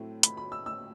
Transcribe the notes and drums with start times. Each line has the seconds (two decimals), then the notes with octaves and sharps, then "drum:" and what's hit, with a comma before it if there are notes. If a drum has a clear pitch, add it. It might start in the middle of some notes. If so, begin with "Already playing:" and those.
Already playing: A2 F#3 A3 C4 E4
0.23 B5, drum: hi-hat
0.37 B5
0.52 E6
0.66 E6